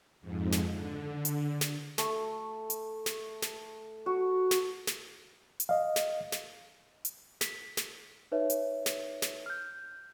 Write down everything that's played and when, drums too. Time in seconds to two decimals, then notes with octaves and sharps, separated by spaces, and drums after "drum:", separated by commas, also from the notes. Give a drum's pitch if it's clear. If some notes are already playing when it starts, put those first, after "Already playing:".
0.21 F2 G#2
0.52 drum: snare
0.68 D3
1.25 drum: hi-hat
1.61 drum: snare
1.98 A3, drum: snare
2.70 drum: hi-hat
3.06 drum: snare
3.42 drum: snare
4.06 F#4
4.51 drum: snare
4.87 drum: snare
5.60 drum: hi-hat
5.69 D#5 F5
5.96 drum: snare
6.32 drum: snare
7.05 drum: hi-hat
7.41 B6, drum: snare
7.77 drum: snare
8.32 D#4 B4 C#5 E5
8.50 drum: hi-hat
8.86 drum: snare
9.22 drum: snare
9.46 F6 G6